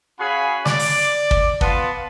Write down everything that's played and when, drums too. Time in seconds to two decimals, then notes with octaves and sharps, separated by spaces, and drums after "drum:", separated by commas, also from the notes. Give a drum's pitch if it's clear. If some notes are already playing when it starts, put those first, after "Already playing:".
0.20 C#4 F#4 G#4 F5 G#5 B5
0.66 D5, drum: snare
0.79 drum: open hi-hat
1.31 drum: kick
1.61 B3 F4 A5, drum: kick